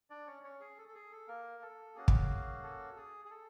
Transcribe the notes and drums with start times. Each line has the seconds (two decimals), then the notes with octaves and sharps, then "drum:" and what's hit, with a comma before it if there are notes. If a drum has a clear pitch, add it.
0.10 D4 D5
0.27 C#4 C#5
0.43 C#4 C#5
0.60 G#4
0.78 A4
0.88 A4
0.95 G#4
1.12 A4
1.28 A#3 A#4
1.62 A4
1.95 A#3 C#4 F#4 G#4
2.08 drum: kick
2.63 A4
2.96 G#4
3.25 G#4
3.30 A4